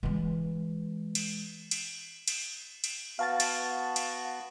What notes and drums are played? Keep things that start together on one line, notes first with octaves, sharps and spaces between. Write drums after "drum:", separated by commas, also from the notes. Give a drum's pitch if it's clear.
E3 G#3
drum: cymbal
drum: cymbal
drum: cymbal
drum: cymbal
B3 F#4 F5 A5 A6
drum: cymbal
drum: cymbal